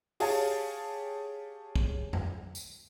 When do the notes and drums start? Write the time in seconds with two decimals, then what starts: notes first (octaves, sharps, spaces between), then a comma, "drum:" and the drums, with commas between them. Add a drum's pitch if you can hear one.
0.20 G4 G#4 C#5 F5 G#5 A5, drum: open hi-hat
1.76 drum: kick
2.13 drum: tom F2
2.55 drum: tambourine